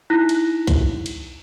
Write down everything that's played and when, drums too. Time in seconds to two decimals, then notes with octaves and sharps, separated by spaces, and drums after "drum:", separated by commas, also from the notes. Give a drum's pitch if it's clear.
0.10 D#4 E4 F#6 A#6 B6
0.29 drum: cymbal
0.67 drum: kick B1, cymbal
1.06 drum: cymbal